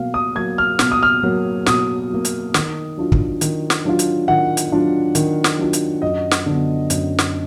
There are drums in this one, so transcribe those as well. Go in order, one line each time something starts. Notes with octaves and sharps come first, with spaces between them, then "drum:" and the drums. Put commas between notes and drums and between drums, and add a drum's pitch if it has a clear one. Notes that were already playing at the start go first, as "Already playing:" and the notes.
Already playing: B2 F#3 A#3 F5
D#6
F#3 A#3 G#6
F6
B2 F6, drum: snare
D#6
F6
F#3 A#3
B2 D#6, drum: snare
F#3 A#3
drum: hi-hat
D#3, drum: snare
F#3 D4 F4
drum: kick
D#3, drum: hi-hat
drum: snare
F#3 D4 F4
drum: hi-hat
D#3 F#5
drum: hi-hat
F#3 D4 F4
D#3, drum: hi-hat
drum: snare
F#3 D4 F4
drum: hi-hat
F#2 D#5
drum: snare
D3 F#3 B3
F#2, drum: hi-hat
drum: snare